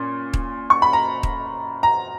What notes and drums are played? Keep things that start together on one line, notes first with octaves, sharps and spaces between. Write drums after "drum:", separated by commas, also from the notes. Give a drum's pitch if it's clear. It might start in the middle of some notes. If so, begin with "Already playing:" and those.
Already playing: A#2 C#4
drum: kick D#1
C#6
B5
A#5
drum: kick D#1
A#5